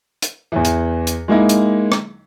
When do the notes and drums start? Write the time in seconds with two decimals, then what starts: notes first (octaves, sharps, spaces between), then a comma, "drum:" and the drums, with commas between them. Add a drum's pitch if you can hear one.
0.22 drum: hi-hat
0.52 E2 E3
0.65 drum: hi-hat
1.07 drum: hi-hat
1.28 G#3 A#3 D#4 E4
1.49 drum: hi-hat
1.92 drum: rim click